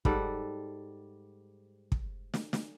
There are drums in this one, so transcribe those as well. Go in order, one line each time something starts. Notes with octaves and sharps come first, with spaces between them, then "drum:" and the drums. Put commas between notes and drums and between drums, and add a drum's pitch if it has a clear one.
G#2 G3 A4 F#5, drum: kick
drum: kick
drum: snare
drum: snare